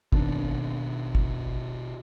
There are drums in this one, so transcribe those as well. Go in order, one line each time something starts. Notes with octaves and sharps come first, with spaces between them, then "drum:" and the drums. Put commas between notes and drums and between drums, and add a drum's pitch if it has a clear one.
B2 D#3 D4, drum: kick
drum: kick